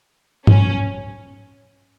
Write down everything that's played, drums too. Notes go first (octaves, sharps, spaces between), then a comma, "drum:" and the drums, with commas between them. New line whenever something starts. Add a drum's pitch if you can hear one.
C#4, drum: tom